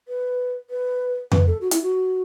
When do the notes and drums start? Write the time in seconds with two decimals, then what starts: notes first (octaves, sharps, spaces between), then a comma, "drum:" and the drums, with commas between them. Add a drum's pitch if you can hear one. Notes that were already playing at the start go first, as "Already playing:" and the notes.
0.08 B4
0.70 B4
1.32 B4, drum: tom F2
1.47 A4
1.61 F#4
1.71 E4, drum: hi-hat
1.83 F#4